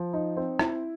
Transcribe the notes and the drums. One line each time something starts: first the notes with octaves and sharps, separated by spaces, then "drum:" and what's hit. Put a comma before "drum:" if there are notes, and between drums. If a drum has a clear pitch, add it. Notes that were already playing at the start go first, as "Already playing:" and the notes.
Already playing: F3
D#4
C4
E4, drum: rim click